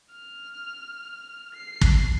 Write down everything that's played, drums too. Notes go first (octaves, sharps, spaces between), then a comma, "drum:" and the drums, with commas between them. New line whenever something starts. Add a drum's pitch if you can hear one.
F6
C7
drum: kick